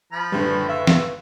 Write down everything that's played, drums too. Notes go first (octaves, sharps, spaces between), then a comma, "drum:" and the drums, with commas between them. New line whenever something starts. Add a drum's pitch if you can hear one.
F3 B5
F#1 A2 D3 G3 B4
E5 F5
drum: snare